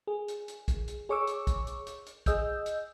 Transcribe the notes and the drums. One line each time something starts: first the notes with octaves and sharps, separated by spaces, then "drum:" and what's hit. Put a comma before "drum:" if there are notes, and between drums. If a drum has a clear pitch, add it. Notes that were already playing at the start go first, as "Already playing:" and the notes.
G#4
drum: hi-hat
drum: hi-hat
drum: kick, hi-hat
drum: hi-hat
G#4 C#5 C#6 D6 E6
drum: hi-hat
drum: kick, hi-hat
drum: hi-hat
drum: hi-hat
drum: hi-hat
G#4 D#5 E6 G6, drum: kick, hi-hat
drum: hi-hat